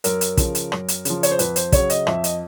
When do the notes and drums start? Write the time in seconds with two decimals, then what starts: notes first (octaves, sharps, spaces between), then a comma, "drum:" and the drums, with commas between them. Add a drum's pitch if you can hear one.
0.04 F#2 A#4, drum: hi-hat
0.21 drum: hi-hat
0.37 C#3 F3, drum: kick, hi-hat
0.55 drum: hi-hat
0.72 F#2, drum: rim click
0.88 drum: hi-hat
1.05 C#3 F3, drum: hi-hat
1.23 C#5, drum: hi-hat
1.31 C5
1.39 F2 B4, drum: hi-hat
1.56 C5, drum: hi-hat
1.72 C#3 F#3 C#5, drum: kick, hi-hat
1.90 D#5, drum: hi-hat
2.07 F2 E5, drum: rim click
2.24 D#5, drum: hi-hat